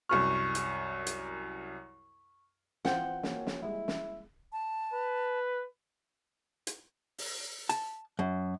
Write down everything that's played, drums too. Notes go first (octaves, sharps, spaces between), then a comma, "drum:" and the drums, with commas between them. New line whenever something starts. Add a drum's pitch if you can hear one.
C2 F#2 C#6 F6
drum: hi-hat
drum: hi-hat
E3 F3 C4 F4 F#5 G5, drum: snare
F#2 A#3, drum: snare
drum: snare
G3 G#3 E4
drum: snare
A5
B4
drum: hi-hat
drum: open hi-hat
A5, drum: hi-hat
F#2